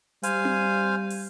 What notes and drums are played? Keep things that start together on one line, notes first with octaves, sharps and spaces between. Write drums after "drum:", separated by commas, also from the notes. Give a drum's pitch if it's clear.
G3 C5 F5 G#5, drum: hi-hat
drum: tom C4
drum: open hi-hat